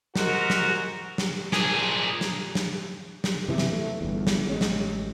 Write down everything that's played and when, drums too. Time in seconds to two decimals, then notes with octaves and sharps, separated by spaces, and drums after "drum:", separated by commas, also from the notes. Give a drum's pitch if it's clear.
0.16 G#2 F#4 A#4, drum: snare
0.50 drum: snare
1.18 drum: snare
1.52 A#2 G#4, drum: snare
2.21 drum: snare
2.55 drum: snare
3.24 drum: snare
3.48 C3 E3 A3 B3
3.58 drum: snare
3.72 A3
4.01 G1 E2
4.27 drum: snare
4.50 A1 G#3 C#4
4.61 drum: snare